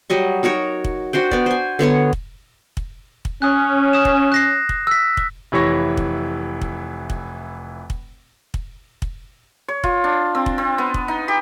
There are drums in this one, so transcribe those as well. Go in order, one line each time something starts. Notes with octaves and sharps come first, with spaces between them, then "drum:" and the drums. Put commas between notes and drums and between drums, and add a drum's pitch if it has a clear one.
F#3 G3 D#5 C#6
D#4 F#4 A#4 C#5
drum: kick
D4 F#4 C5 G5
B3 D5, drum: kick
C5 G#5
D3 B3 C#5 F#5
drum: kick
drum: kick
drum: kick
C#4 D#6 F#6
D#6 E7
drum: kick
F#6 A#6 C7
drum: kick
E6 B6
drum: kick
F1 E3 E4 C#5 C#6 A#6
drum: kick
drum: kick
drum: kick
drum: kick
drum: kick
drum: kick
C#5
F4, drum: kick
D4
C4
drum: kick
C4
B3
drum: kick
D#4
G4